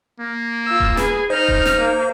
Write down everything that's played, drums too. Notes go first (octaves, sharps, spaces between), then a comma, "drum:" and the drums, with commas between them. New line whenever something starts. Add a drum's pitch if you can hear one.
A#3
F4 E6
drum: kick D#1
G#4 B4, drum: snare
D#4 C5 D#5 F6
drum: kick D#1
drum: snare
A#3